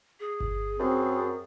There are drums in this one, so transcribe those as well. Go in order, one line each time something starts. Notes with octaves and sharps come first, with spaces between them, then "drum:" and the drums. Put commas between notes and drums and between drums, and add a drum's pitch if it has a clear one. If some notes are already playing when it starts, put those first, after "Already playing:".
G#4
drum: kick G1
F#2 C4